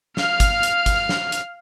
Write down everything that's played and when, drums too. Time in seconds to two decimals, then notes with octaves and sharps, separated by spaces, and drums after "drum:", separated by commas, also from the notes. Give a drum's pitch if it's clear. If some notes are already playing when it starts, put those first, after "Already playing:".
0.17 F5 F6, drum: snare
0.40 drum: kick, hi-hat
0.63 drum: hi-hat
0.86 drum: kick, hi-hat
1.09 drum: snare
1.32 drum: hi-hat